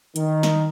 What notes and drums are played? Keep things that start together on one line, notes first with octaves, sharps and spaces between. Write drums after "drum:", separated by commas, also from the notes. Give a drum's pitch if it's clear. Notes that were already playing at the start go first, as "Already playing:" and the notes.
D#3, drum: hi-hat
drum: snare